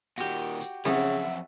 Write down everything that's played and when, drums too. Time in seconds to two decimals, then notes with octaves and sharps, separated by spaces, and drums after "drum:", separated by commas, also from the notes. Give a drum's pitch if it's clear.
0.17 A#2 D#3 F#4 G4
0.60 drum: hi-hat
0.85 F2 C#3 F#3 E5 F#5, drum: snare C4